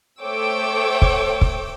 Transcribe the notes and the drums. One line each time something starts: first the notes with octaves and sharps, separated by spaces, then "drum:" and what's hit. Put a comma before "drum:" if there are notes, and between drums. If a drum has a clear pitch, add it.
A3 C5 C#5 G5 D6 E6
drum: kick
drum: kick